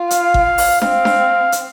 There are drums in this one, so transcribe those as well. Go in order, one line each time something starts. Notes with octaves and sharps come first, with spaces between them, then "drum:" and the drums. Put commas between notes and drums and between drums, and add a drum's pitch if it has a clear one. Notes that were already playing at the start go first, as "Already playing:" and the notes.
Already playing: F4
F5, drum: hi-hat
drum: kick G1
drum: open hi-hat
C4 F5, drum: snare D4
drum: snare D4
drum: hi-hat